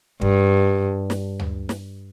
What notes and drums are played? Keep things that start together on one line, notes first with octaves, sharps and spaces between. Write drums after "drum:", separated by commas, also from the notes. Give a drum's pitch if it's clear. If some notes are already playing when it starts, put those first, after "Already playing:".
G2, drum: kick
drum: snare
drum: tom
drum: snare